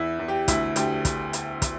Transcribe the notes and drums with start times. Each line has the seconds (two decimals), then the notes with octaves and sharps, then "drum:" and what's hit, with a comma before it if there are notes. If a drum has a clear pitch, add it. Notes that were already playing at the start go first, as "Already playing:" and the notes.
Already playing: E2 E4
0.19 E2
0.28 G4
0.48 D2 E4, drum: kick, hi-hat
0.76 D2 G4, drum: hi-hat
1.05 drum: kick, hi-hat
1.33 drum: hi-hat
1.62 drum: kick, hi-hat